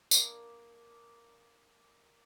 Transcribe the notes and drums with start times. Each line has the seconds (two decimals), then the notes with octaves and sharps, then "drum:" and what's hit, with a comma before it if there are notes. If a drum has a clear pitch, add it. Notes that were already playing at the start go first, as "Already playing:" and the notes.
0.11 A#3 D4 G#4 D5, drum: tambourine